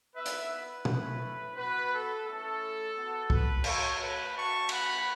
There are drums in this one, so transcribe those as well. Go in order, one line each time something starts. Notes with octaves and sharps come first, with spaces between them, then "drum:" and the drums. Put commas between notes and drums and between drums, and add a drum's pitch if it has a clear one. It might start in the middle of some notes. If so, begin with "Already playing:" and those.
B3 E4 B4 E5
drum: hi-hat
B4
A3 C#4 E4, drum: tom B2
B3 F#4 B4
A4
A3 C#4 E4 A4
B3 F#4
B4, drum: kick C2
A3 F#4 A4 C#5, drum: cymbal
B4
A3 C#4 F#4 A5 C#6
F#5 B5, drum: cymbal